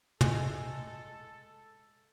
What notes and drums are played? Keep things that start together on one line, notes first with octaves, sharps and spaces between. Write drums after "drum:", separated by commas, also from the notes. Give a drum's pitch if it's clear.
G#3 A4, drum: tom